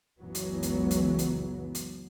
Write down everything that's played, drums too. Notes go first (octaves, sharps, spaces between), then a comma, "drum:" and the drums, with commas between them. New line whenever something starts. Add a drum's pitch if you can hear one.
F#1 C#2 E3 F#3 B3
drum: hi-hat
drum: hi-hat
drum: hi-hat
drum: hi-hat
drum: hi-hat